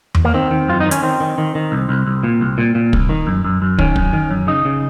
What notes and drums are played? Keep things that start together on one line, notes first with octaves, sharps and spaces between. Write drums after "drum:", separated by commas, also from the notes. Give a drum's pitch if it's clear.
drum: tom E2
A#3
D#3 C4
D#3
F#2 F4
D#4
D#3
C#4, drum: hi-hat
D#3 C4
D#3
D#3
D#3
C2
C2
C2
A#2
C2
A#2
A#2
C2, drum: kick
D#3
F#2
F#2
F#2
D#3 C#4, drum: kick
F#2, drum: kick
D#3
F#2
C#3 D#4
C#3